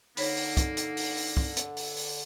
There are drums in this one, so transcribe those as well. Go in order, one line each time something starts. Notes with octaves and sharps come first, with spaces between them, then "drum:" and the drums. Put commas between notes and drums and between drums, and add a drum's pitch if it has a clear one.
D3 A#3 D#4 C5 C#5 B5, drum: open hi-hat
drum: open hi-hat
drum: kick, hi-hat
drum: hi-hat
drum: open hi-hat
drum: open hi-hat
drum: kick
drum: hi-hat
drum: open hi-hat
drum: open hi-hat